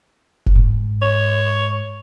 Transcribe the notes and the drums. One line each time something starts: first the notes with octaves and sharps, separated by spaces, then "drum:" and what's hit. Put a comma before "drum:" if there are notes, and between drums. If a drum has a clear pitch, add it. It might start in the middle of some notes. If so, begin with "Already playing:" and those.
drum: kick F1
G#2
C#5